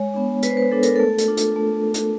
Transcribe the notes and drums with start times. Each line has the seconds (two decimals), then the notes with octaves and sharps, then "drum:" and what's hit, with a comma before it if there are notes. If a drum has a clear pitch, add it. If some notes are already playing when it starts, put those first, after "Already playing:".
Already playing: G#3 C#5
0.14 B3 D4
0.42 G#3 B4, drum: hi-hat
0.50 C5
0.57 B4
0.71 B3 D4 A4
0.83 A#4, drum: hi-hat
0.96 A3 A4
1.18 drum: hi-hat
1.28 D4 F4
1.37 drum: hi-hat
1.56 A3
1.94 drum: hi-hat